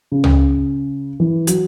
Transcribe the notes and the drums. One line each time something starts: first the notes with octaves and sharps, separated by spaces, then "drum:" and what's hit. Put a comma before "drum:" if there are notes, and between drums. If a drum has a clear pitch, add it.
C#3
drum: tom C#2
E3
F#3, drum: hi-hat